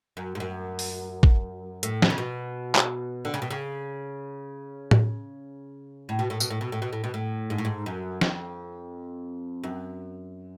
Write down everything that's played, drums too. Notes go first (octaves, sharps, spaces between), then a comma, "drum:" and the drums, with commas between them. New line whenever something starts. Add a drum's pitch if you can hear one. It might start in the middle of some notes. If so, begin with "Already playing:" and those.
F#2
G#2
F#2
drum: open hi-hat
drum: kick
A2, drum: hi-hat
D3, drum: snare
C#3
B2
drum: clap
D3
C#3
B2
C#3
drum: tom A2
A2
B2
A2
B2, drum: tambourine
A2
B2
A2
B2
A2
B2
A2
G#2
A2
G#2
F#2
F2, drum: snare
F#2